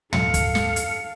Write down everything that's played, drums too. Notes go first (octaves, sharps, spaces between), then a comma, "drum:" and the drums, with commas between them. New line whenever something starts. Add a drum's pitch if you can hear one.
F#2 A4 F5 C#7, drum: tom
drum: kick, hi-hat
drum: snare
drum: hi-hat